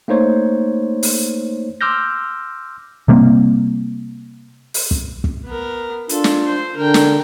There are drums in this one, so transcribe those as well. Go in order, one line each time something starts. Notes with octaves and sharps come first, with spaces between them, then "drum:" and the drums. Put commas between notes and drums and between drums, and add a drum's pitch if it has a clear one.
A3 A#3 D#4 C5 C#5
drum: open hi-hat
C6 D6 E6 F6 G6 A#6
C3 G3 A#3 C4
drum: open hi-hat
drum: kick
drum: kick
B3 A#4
D4 F4 A4, drum: hi-hat
drum: snare
C5
D3 D4 A#4 G5
drum: snare